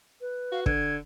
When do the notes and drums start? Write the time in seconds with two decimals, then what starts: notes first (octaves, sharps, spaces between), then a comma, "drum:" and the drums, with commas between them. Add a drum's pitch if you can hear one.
0.21 B4
0.52 F#4 F5
0.66 D3 G#6, drum: kick